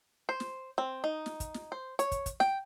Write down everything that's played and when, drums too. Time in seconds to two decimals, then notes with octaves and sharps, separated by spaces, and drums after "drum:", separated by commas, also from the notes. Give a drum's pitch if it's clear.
0.29 C5
0.40 drum: snare
0.78 C4
1.04 D#4
1.26 drum: snare
1.40 drum: kick, hi-hat
1.54 drum: snare
1.72 C5
1.99 C#5, drum: hi-hat
2.12 drum: kick, hi-hat
2.26 drum: kick, hi-hat
2.40 G5, drum: snare